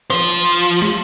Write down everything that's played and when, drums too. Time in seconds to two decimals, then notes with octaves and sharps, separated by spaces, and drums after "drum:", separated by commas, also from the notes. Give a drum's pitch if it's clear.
0.10 F3, drum: rim click
0.82 drum: snare